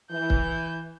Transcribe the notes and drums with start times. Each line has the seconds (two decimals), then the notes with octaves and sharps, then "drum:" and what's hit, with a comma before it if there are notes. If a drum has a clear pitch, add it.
0.11 E3 G6
0.30 drum: kick